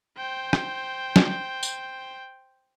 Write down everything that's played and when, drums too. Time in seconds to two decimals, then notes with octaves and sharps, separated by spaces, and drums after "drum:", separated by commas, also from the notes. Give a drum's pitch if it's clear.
0.17 C5 G5
0.53 drum: rim click
1.16 drum: snare
1.63 drum: tambourine